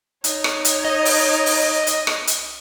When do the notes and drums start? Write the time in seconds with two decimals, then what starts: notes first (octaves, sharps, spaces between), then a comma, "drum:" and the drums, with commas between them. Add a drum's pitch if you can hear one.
0.24 D#4 C#5, drum: hi-hat
0.44 drum: rim click
0.65 drum: hi-hat
0.85 D#5
1.05 drum: open hi-hat
1.46 drum: open hi-hat
1.87 drum: hi-hat
2.07 drum: rim click
2.27 drum: hi-hat